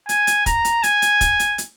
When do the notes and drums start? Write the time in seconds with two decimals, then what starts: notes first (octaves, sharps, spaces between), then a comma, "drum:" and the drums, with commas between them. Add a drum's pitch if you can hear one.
0.09 G#5, drum: hi-hat
0.27 drum: hi-hat
0.46 A#5, drum: kick, hi-hat
0.65 drum: hi-hat
0.83 G#5, drum: hi-hat
1.02 drum: hi-hat
1.21 drum: kick, hi-hat
1.39 drum: hi-hat
1.58 drum: hi-hat